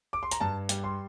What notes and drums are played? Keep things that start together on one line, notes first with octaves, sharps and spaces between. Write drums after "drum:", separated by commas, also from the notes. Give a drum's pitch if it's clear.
D6
C6
A#5, drum: hi-hat
G2 A5
G3, drum: hi-hat
C6